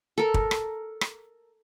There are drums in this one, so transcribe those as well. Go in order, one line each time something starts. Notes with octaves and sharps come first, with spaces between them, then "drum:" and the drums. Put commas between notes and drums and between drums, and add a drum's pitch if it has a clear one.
A4 A#4
drum: kick
drum: rim click
drum: rim click